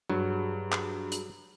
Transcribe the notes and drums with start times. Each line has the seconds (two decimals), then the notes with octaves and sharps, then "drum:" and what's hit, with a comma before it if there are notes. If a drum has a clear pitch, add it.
0.10 G2 F#3 F#4 G#4 A#5
0.72 drum: clap
1.12 drum: hi-hat